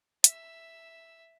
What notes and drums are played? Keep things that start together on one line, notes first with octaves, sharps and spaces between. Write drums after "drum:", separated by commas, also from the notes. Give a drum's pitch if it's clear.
E5 E6, drum: hi-hat